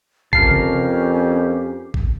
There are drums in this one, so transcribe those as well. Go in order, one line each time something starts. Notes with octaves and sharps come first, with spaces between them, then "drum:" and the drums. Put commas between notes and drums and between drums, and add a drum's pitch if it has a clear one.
F2 C#4 G4 A#4 F5 A5 C7, drum: kick G#1
drum: tom C3
drum: kick G#1